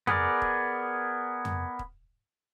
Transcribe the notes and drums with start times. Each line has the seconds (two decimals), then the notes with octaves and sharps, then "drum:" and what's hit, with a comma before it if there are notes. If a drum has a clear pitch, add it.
0.07 B3 G#4 A#4 D5, drum: tom F2
0.42 drum: kick
1.45 drum: tom F2
1.79 drum: kick